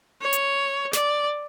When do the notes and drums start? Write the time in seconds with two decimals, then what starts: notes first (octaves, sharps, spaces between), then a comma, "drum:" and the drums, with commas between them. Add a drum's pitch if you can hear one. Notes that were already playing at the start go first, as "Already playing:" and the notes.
0.22 C#5
0.33 drum: hi-hat
0.93 D5, drum: snare